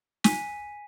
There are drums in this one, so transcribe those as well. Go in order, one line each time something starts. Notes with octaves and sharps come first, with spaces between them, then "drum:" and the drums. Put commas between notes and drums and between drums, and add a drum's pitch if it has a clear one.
G#5 B6 D#7, drum: snare